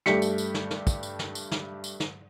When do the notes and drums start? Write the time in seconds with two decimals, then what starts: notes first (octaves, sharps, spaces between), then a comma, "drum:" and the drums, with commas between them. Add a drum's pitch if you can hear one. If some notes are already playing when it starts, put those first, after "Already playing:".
0.06 G2 A3 G4 B6 C#7, drum: snare
0.22 drum: tambourine
0.38 drum: tambourine
0.54 drum: snare
0.71 drum: snare
0.87 drum: kick, tambourine
1.03 drum: tambourine
1.19 drum: snare
1.35 drum: tambourine
1.51 drum: snare
1.84 drum: tambourine
2.00 drum: snare